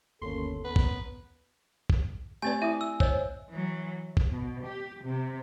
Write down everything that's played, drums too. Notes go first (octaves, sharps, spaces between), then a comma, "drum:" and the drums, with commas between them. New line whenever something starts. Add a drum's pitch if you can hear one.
G1 D#2 A#3 C#4 A4 C6
B3 B4
drum: kick
drum: kick
A3 C4 G4 B4 D5 G#5
E4 E5 D#6
E6
C5 C#5 D#5 E6, drum: kick
E3 F#3
drum: kick
B2
G4
C3